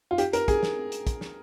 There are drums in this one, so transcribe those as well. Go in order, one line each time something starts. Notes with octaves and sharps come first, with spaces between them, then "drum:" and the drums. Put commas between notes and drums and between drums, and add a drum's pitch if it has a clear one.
F4
G4, drum: hi-hat
A#4, drum: hi-hat
G#4, drum: kick, hi-hat
drum: snare
drum: hi-hat
drum: kick, hi-hat
drum: snare